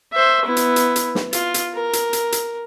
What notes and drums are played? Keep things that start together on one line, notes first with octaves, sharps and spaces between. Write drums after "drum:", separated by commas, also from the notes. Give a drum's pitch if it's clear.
C5 E5
B3 E4
drum: hi-hat
drum: hi-hat
drum: hi-hat
drum: snare
F4, drum: hi-hat
drum: hi-hat
A#4
drum: hi-hat
drum: hi-hat
drum: hi-hat